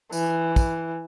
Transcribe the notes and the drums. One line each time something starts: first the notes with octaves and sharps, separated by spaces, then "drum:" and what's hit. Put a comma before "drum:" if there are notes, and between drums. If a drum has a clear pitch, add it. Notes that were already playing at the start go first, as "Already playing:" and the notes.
E3, drum: tambourine
drum: kick, tambourine